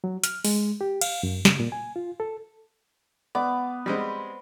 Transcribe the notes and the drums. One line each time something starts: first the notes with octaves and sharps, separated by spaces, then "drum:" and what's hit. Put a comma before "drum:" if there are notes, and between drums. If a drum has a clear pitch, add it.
F#3
F6, drum: hi-hat
G#3, drum: open hi-hat
G4
F5, drum: cymbal
F#2
C#3, drum: snare
A#2
G#5
F4
A4
B3 D5
G3 G#3 C4 B4 C5